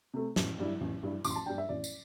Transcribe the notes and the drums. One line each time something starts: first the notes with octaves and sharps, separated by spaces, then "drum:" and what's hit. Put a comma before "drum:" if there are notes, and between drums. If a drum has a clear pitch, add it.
C3 A3
A1, drum: snare
G2 G3 E4
A1
G2 G3 E4
A1 D6, drum: tambourine
C6
A5
G2 G3 D4 G5
E5
A1 D5
drum: tambourine